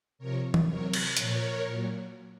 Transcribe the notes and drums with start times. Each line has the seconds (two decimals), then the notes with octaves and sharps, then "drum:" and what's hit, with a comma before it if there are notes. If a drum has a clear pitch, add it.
0.18 C3 F3 A#4 C#5
0.54 drum: tom
0.68 C3 F#3 A#4 C#5
0.93 drum: cymbal
1.17 A#2 F3 A#4 C#5, drum: hi-hat
1.66 A#2 F#3